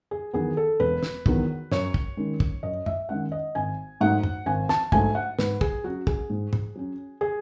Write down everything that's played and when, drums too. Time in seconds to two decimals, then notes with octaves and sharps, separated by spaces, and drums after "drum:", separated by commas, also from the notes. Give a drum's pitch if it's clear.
0.11 G#4
0.33 E2 D#3 F#3 B3 G#4
0.57 A4
0.80 E1 B4
1.03 drum: snare
1.26 E2 D#3 F#3 B3, drum: kick
1.72 F#2 C#5, drum: snare
1.94 drum: kick
2.17 D#3 G#3 C#4
2.40 drum: kick
2.63 F#2 D#5
2.86 E5, drum: tom
3.09 D#3 G#3 C#4 F#5
3.32 D#5
3.55 G#1 G#5
4.01 G#2 F#3 A3 D#4 F#5
4.23 drum: tom
4.46 G#1 G#5
4.69 A5, drum: snare
4.92 G#2 F#3 A3 D#4 G#5, drum: kick
5.15 F#5
5.39 G#2 B4, drum: snare
5.61 G#4, drum: kick
5.84 F#3 C#4 F#4
6.07 G#4, drum: kick
6.30 G#2
6.53 drum: tom G#2
6.76 F#3 C#4
7.21 G#4